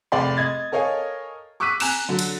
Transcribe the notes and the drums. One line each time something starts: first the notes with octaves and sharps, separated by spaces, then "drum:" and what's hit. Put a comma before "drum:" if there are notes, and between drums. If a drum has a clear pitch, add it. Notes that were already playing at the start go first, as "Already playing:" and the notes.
F1 D5 C6
D#5 G#6 A6
A4 A#4 C#5 D#5 F5 G#5
C#6 D6 E6 F#6 B6 D#7
G#5 A#5 F#6 E7 F7, drum: cymbal
D3 F#3
drum: cymbal